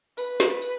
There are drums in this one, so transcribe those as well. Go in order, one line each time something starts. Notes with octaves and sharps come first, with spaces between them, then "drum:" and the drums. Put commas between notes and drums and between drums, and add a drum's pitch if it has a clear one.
B4, drum: tambourine
drum: snare
drum: tambourine